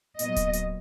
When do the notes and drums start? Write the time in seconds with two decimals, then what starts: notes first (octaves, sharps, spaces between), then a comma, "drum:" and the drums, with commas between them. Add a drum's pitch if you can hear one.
0.19 A#2 F#3 B3 D#5, drum: hi-hat
0.36 drum: kick D1, hi-hat
0.53 drum: hi-hat